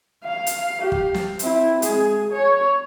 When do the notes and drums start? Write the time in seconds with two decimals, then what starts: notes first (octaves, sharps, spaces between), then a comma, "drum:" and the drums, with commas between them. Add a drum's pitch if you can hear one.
0.24 F5
0.47 drum: hi-hat
0.81 G4 F5
0.92 drum: kick
1.14 drum: snare
1.39 C4 E4, drum: hi-hat
1.82 G#3 G#4, drum: hi-hat
2.31 C#5